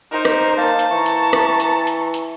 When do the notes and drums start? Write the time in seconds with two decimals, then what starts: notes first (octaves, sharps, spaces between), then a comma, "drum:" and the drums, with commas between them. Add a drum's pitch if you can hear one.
0.12 D#4 A#4 C5
0.25 drum: rim click
0.58 A#3 A5
0.79 drum: hi-hat
0.92 E3 A#5 C#6
1.06 drum: hi-hat
1.33 drum: rim click
1.60 drum: hi-hat
1.87 drum: hi-hat
2.14 drum: hi-hat